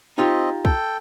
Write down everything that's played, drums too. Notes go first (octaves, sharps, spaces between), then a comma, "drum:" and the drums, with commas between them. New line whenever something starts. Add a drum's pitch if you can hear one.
C4 D#4 F4 G4 D#5
A4 G5, drum: kick